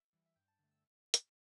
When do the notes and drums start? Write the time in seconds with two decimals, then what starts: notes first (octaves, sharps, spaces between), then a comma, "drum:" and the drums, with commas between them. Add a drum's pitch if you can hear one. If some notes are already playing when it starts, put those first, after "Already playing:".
Already playing: E5
0.13 E3 G3
0.26 E5
0.36 G2 G5
0.48 A5
0.59 D3 A3
0.71 E6
1.14 drum: hi-hat